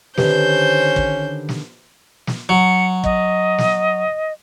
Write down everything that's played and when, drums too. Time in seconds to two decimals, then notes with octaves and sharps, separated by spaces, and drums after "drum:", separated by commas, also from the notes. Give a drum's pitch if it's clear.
0.17 D3 D#3 C#4 G4 B4 C5 G6, drum: snare
0.96 drum: kick
1.49 drum: snare
2.27 drum: snare
2.49 F#3 C#7
3.04 D#5, drum: kick
3.58 drum: snare